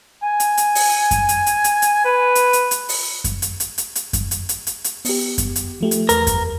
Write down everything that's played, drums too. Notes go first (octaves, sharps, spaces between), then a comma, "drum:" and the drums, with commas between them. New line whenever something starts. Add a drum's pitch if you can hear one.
G#5
drum: hi-hat
drum: hi-hat
drum: open hi-hat
drum: kick F#2, hi-hat
drum: hi-hat
drum: hi-hat
drum: hi-hat
drum: hi-hat
B4
drum: hi-hat
drum: hi-hat
drum: hi-hat
drum: open hi-hat
drum: kick F#2, hi-hat
drum: hi-hat
drum: hi-hat
drum: hi-hat
drum: hi-hat
drum: kick F#2, hi-hat
drum: hi-hat
drum: hi-hat
drum: hi-hat
drum: hi-hat
B3 G4, drum: open hi-hat
drum: kick F#2, hi-hat
drum: hi-hat
F3 A3 G4
drum: hi-hat
E2 A#4 B4, drum: hi-hat
drum: kick F#2, hi-hat